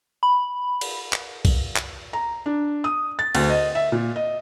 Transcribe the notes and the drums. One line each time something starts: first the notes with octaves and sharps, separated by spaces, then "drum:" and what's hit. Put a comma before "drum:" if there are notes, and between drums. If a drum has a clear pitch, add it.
B5
drum: cymbal
drum: clap
drum: kick B1, cymbal
drum: clap
A#5
D4
D#6
A6
D2, drum: cymbal
D#5
E5
A#2
D#5